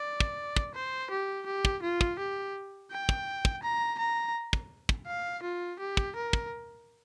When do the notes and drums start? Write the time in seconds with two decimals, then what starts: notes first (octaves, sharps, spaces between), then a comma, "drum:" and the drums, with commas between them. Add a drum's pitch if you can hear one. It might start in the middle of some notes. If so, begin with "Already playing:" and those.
Already playing: D5
0.20 drum: kick
0.57 drum: kick
0.75 C5
1.11 G4
1.46 G4
1.65 drum: kick
1.83 F4
2.01 drum: kick
2.19 G4
2.91 G5
3.09 drum: kick
3.45 drum: kick
3.63 A#5
3.99 A#5
4.53 drum: kick
4.89 drum: kick
5.07 F5
5.43 F4
5.79 G4
5.97 drum: kick
6.16 A#4
6.33 drum: kick